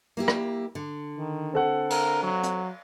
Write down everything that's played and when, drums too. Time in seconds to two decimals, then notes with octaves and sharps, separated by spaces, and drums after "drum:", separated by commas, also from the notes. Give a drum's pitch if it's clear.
0.17 A#3 E4 G4
0.28 drum: rim click
0.75 D3
1.18 D#3
1.53 C4 A4 F#5
1.90 A#4, drum: cymbal
2.23 F#3
2.43 drum: hi-hat